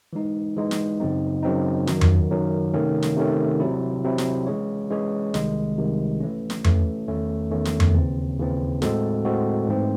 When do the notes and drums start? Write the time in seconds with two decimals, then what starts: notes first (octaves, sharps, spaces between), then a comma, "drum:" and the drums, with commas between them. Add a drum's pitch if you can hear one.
0.13 E3 G#3 D#4
0.57 E3 G#3 D#4
0.71 drum: snare
1.00 F#2 C#3 F#3 C4 D#4
1.43 F#2 C#3 F#3 C4 D#4
1.87 F#2 D#3 F#3 C#4, drum: snare
2.01 drum: tom F2
2.31 F#2 D#3 F#3 C#4
2.74 C3 D#3 A3 C#4
3.03 drum: snare
3.17 C3 D#3 A3 C#4
3.60 C3 F#3 C4 E4
4.04 C3 F#3 C4 E4
4.18 drum: snare
4.47 E3 G#3 C#4 G#4 C#5
4.90 E3 G#3 C#4 G#4 C#5
5.34 C2 C3 D#3 G#3, drum: snare
5.77 C2 C3 D#3 G#3
6.20 E3 A3 C#4
6.50 drum: snare
6.64 E3 A3 C#4, drum: tom F2
7.08 E2 D#3 A3 C#4
7.51 E2 D#3 A3 C#4
7.65 drum: snare
7.80 drum: tom F2
7.94 D#2 C#3 E3 C4
8.38 D#2 C#3 E3 C4
8.82 A2 G#3 C4 F#4 A4, drum: snare
9.25 A2 G#3 C4 F#4 A4
9.68 G#2 E3 A3 C4